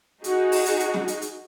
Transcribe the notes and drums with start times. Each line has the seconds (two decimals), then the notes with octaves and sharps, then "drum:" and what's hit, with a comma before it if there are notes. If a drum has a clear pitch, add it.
0.24 D#4 F#4 G#4, drum: hi-hat
0.52 drum: open hi-hat
0.66 drum: hi-hat
0.80 drum: hi-hat
0.94 drum: snare C#4
1.08 drum: hi-hat
1.22 drum: hi-hat